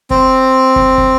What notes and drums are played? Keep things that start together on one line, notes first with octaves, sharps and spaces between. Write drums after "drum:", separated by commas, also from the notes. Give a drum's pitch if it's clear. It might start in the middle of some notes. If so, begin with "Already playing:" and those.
C4, drum: kick
drum: kick
drum: kick